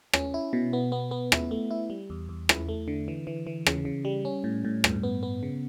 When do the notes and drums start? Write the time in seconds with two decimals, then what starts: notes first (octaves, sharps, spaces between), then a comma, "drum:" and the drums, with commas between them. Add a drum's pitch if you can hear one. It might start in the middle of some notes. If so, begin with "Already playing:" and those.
0.13 C#4, drum: rim click
0.34 E4
0.53 B2
0.73 B3
0.92 B3
1.11 B3
1.32 E4, drum: rim click
1.51 A3
1.71 E4
1.90 G3
2.10 E2
2.29 E2
2.49 E4, drum: rim click
2.69 A3
2.88 D3
3.08 E3
3.27 E3
3.47 E3
3.66 C#3, drum: rim click
3.85 C#3
4.05 G3
4.25 C#4
4.44 A2
4.65 A2
4.84 G2, drum: rim click
5.03 B3
5.23 B3
5.43 C#3